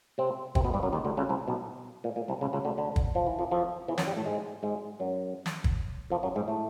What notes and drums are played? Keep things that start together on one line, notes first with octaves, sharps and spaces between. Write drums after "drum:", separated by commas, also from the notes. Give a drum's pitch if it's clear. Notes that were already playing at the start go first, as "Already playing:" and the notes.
C3 C4
C3 C4, drum: kick
B2 B3
G2 G3
F#2 F#3
D#2 D#3
D2 D3
C#2 C#3
C2 C3
B1 B2
A#2
A#2
C2 C3
C#2 C#3
C#2 C#3
D2 D3
D2 D3
drum: kick
F3
E3
F2 F3
F2 F3
E2 E3
F#2 F#3, drum: snare
G2 G3
A2 A3
G#2 G#3
G#2 G#3
F#2 F#3
drum: snare
drum: kick
F2 F3
F#2 F#3
G#2 G#3
A2 A3